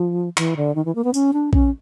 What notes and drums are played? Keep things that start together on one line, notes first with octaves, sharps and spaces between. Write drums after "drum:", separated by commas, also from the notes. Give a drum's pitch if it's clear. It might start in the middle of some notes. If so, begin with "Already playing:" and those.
Already playing: F3
E3, drum: clap
D3
D#3
E3
A#3
B3
C#4, drum: tambourine
D4
C#4, drum: kick